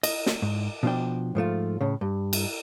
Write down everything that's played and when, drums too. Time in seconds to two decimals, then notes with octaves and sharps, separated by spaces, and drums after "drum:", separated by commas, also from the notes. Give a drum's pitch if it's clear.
0.03 D#5, drum: cymbal
0.26 drum: snare
0.42 G#2
0.83 B2 F3 D4 G5
1.35 G#2 F3 A3 F4
1.81 A2 C#3
2.01 G2
2.33 drum: cymbal